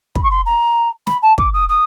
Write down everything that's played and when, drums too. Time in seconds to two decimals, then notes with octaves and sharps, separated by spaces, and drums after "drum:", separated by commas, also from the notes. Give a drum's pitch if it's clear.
0.15 B5, drum: kick
0.23 C#6
0.30 C6
0.46 A#5
1.07 B5, drum: snare
1.22 A5
1.38 D6, drum: kick
1.54 D#6
1.69 D#6